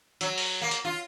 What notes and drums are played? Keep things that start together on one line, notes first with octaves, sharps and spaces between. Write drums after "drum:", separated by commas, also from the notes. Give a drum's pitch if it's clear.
F#3, drum: hi-hat
drum: open hi-hat
A#3
drum: hi-hat
F4